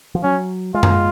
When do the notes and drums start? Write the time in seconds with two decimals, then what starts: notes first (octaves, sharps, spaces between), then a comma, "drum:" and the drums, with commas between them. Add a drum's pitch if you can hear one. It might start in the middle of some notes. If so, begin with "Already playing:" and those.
0.15 F3
0.23 F#3 C#4
0.74 G#3 F4
0.83 A#3, drum: tom F#2
0.90 G#3